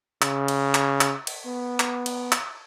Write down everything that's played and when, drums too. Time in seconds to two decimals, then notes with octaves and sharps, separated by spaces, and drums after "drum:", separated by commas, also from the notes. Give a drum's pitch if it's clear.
0.22 C#3, drum: clap
0.48 drum: cymbal
0.75 drum: clap
1.01 drum: clap
1.27 drum: cymbal
1.46 B3
1.80 drum: clap
2.06 drum: cymbal
2.32 drum: clap